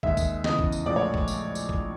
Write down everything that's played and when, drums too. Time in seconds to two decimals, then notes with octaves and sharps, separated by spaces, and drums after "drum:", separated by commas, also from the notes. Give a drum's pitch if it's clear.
0.03 D#2 D#3 G#3 E5, drum: kick
0.17 drum: kick, tambourine
0.44 E2 C#3 E3 D#5, drum: snare
0.59 drum: kick
0.72 drum: tambourine
0.86 A#1 A2 F3 G#3 D5
0.96 C#5
1.14 drum: kick
1.28 drum: tambourine
1.55 drum: tambourine
1.69 drum: kick